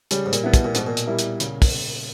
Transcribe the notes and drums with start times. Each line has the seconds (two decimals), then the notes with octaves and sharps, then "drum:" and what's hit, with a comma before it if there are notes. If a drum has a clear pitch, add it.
0.11 C#3 G3, drum: hi-hat
0.26 G#2
0.33 A#2, drum: hi-hat
0.44 B3 E4
0.54 B2, drum: kick, hi-hat
0.64 A#2
0.75 G#2 B2, drum: hi-hat
0.87 A#2
0.97 drum: hi-hat
1.07 G3 A#3 E4
1.19 drum: hi-hat
1.40 C#3, drum: hi-hat
1.62 drum: kick, open hi-hat